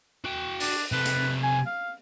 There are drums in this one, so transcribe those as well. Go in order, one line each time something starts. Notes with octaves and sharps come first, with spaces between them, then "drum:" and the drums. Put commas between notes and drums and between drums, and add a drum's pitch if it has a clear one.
F#4 G5
D4, drum: open hi-hat
C3 A4 B4
drum: hi-hat
G#5
F5